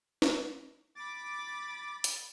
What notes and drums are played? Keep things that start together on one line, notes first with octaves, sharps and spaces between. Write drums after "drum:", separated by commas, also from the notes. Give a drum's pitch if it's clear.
drum: snare
B5 D6 A6
drum: hi-hat